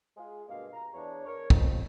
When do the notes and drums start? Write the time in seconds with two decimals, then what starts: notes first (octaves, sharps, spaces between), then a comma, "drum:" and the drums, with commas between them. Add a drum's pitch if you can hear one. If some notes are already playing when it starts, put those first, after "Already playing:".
0.17 G#3 F4 G#4
0.48 G2 B2 G#3 A#3 F5
0.73 A#5
0.94 E2 D4 C#5
1.26 A#4 C#5
1.50 F2, drum: kick